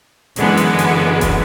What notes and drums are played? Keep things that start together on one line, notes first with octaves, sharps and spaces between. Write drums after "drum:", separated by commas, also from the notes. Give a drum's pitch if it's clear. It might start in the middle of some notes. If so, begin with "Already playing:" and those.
F#2 D3 E3 G#3 B3, drum: hi-hat
drum: hi-hat
drum: hi-hat
drum: kick E1, hi-hat